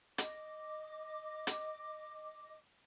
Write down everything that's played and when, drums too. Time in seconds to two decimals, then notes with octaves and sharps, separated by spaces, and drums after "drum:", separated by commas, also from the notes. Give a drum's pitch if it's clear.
0.18 D#5 D6, drum: hi-hat
1.47 drum: hi-hat